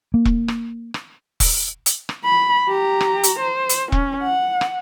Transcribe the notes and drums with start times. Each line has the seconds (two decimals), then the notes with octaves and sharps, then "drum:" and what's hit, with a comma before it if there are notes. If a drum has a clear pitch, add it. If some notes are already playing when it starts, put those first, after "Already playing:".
0.14 A#3
0.25 drum: kick E1
0.48 drum: rim click
0.94 drum: rim click
1.40 drum: kick E1, open hi-hat
1.86 drum: hi-hat
2.09 drum: rim click
2.25 B5
2.69 G4 A#5
3.01 drum: rim click
3.23 drum: hi-hat
3.39 C5
3.69 drum: hi-hat
3.92 C#4, drum: kick E1
4.23 F#5
4.61 drum: rim click